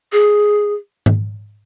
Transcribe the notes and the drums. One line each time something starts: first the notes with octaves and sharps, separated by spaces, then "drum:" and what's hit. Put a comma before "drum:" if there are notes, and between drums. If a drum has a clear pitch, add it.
G#4
drum: tom G#2